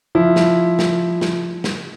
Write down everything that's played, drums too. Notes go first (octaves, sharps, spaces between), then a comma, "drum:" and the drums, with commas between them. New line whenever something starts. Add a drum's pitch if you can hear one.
F3 E4
drum: snare
drum: snare
drum: snare
drum: snare